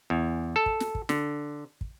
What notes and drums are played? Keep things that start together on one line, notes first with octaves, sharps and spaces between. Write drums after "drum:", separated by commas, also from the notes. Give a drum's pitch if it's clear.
E2
A4
drum: kick
drum: snare
drum: kick
D3, drum: snare
drum: kick